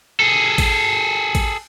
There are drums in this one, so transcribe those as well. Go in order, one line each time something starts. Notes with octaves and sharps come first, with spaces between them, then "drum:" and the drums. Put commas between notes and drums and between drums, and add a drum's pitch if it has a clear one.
G#4 A4
drum: kick A1, cymbal
drum: kick A1, cymbal